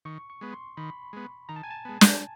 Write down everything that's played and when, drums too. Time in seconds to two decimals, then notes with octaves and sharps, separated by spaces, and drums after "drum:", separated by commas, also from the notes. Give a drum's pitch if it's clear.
0.05 D#3 C#6
0.30 C#6
0.41 G#3 B3
0.53 C6
0.77 D#3 B5
1.13 G#3 B3
1.49 D#3 A#5
1.56 A5
1.63 G#5
1.70 A5
1.85 G#3 B3
2.01 drum: snare